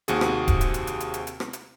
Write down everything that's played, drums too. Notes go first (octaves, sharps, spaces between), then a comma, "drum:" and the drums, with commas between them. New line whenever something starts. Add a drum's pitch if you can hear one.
D#2 C3 F#4 G#4, drum: hi-hat
drum: rim click
drum: kick D1, hi-hat
drum: hi-hat
drum: hi-hat
drum: hi-hat
drum: hi-hat
drum: hi-hat
drum: hi-hat
drum: rim click
drum: hi-hat